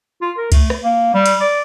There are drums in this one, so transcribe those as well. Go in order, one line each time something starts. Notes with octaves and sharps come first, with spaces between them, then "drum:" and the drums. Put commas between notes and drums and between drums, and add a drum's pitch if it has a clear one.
F4
A#4
A3, drum: kick C#2, cymbal
drum: rim click
A#3
G3
drum: cymbal
D5